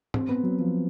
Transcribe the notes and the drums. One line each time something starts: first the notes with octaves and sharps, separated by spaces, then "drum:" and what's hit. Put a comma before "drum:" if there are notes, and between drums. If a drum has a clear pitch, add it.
C4, drum: tom
B3
F#3
F3